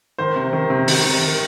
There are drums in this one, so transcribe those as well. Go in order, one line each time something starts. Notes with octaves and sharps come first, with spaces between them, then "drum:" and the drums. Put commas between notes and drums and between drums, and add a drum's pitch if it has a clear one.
D#3 C5
C3
D#3
C3
D#3, drum: open hi-hat
C3
D#3